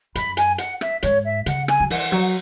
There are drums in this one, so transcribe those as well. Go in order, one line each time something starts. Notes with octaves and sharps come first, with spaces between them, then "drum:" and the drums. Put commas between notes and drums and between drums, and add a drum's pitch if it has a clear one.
F#2 B5, drum: hi-hat
G#5, drum: hi-hat
F#5, drum: hi-hat
E5, drum: rim click
G#2 C#5, drum: hi-hat
E5
C#3 F#5, drum: hi-hat
G#5, drum: rim click
F#3
E3 F#5, drum: open hi-hat
F#3